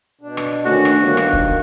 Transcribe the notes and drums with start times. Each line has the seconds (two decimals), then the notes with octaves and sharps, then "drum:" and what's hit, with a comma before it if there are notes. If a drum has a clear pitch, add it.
0.21 B2 D4
0.37 drum: rim click
0.65 D2 D#3 C#4 F#4
0.85 drum: rim click
1.03 G1 D#3 A#3
1.17 drum: rim click
1.33 drum: kick